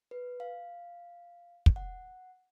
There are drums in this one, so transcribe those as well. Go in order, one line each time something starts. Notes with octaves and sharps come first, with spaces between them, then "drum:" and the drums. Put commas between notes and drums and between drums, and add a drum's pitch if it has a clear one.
B4
F5
drum: kick
F#5